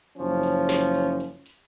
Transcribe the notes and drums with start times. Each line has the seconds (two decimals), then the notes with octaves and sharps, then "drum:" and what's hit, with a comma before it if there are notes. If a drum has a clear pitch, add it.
0.17 F#1 F3 C#4
0.43 drum: hi-hat
0.69 drum: snare
0.94 drum: hi-hat
1.20 drum: hi-hat
1.46 drum: hi-hat